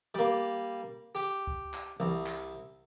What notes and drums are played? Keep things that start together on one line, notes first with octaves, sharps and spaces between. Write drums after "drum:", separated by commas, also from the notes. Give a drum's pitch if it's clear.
G3 A#3
G4
drum: kick C#2
drum: clap
C2, drum: tom E3
drum: clap